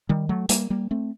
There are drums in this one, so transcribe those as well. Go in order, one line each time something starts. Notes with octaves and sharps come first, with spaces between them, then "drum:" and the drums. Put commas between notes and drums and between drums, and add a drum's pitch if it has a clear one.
D#3 G3
F#3 A3
G3 A#3, drum: hi-hat
G3 A#3
A3 C4